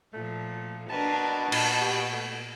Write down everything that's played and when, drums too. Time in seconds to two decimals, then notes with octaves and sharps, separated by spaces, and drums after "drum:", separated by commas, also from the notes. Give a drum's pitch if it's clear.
0.13 A#2 F3 A3
0.90 B2 D4 A#4 B4 A5
1.52 A#2, drum: cymbal
1.81 G4
2.12 A3